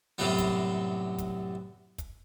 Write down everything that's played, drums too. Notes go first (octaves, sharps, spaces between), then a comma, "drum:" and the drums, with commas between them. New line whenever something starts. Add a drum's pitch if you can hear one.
F#2 A2 C3 F#3 G3 B3
drum: kick, hi-hat
drum: kick, hi-hat
drum: kick, hi-hat